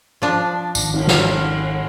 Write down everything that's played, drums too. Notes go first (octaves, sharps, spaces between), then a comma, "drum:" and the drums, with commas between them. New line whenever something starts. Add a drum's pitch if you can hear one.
F3 D4
G#1 D#3, drum: tambourine
drum: cymbal
drum: snare